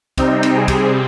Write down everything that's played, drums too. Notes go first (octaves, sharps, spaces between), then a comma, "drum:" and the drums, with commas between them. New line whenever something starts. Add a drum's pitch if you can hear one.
C3 G3 C4 D#4, drum: kick, cymbal
drum: cymbal
G#4
drum: kick, cymbal